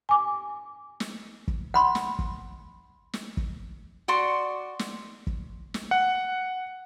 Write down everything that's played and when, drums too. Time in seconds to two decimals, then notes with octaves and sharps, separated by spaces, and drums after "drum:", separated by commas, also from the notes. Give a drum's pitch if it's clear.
0.09 G#5 D6
1.00 drum: snare
1.48 drum: kick
1.74 F#5 B5 C6
1.95 drum: snare
2.19 drum: kick
3.13 drum: snare
3.37 drum: kick
4.08 F#4 D5 C6 C#6
4.79 drum: snare
5.27 drum: kick
5.74 drum: snare
5.91 F#5